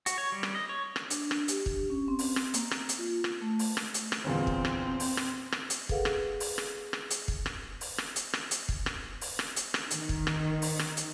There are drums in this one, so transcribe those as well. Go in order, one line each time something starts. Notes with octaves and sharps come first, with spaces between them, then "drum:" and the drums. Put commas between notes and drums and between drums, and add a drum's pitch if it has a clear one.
F#4, drum: hi-hat
C#5
G3
drum: rim click
D#5
C#5
drum: rim click
D4, drum: hi-hat
drum: rim click
G4, drum: hi-hat
drum: kick
C#4
C4
drum: open hi-hat
drum: rim click
A#3, drum: hi-hat
drum: rim click
drum: hi-hat
F4
drum: rim click
A3
drum: open hi-hat
drum: rim click
drum: hi-hat
drum: rim click
G1 E2 A#2 C4
drum: kick
drum: rim click
drum: open hi-hat
drum: rim click
drum: rim click
drum: hi-hat
G#4 A4 B4 F5 F#5, drum: kick
drum: rim click
drum: open hi-hat
drum: rim click
drum: rim click
drum: hi-hat
drum: kick
drum: rim click
drum: open hi-hat
drum: rim click
drum: hi-hat
drum: rim click
drum: hi-hat
drum: kick
drum: rim click
drum: open hi-hat
drum: rim click
drum: hi-hat
drum: rim click
D#3, drum: hi-hat
drum: kick
drum: rim click
drum: open hi-hat
drum: rim click
drum: hi-hat